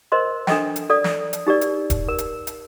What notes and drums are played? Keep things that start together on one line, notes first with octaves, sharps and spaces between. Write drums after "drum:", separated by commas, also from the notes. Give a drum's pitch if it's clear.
A#4 C5 D#5 C6
D4 A4 D#5 G5, drum: snare
drum: hi-hat
A4 D5 D#6
drum: snare
drum: hi-hat
D#4 G4 A#4 D5
drum: hi-hat
drum: kick D#1, hi-hat
A#4
drum: hi-hat
drum: hi-hat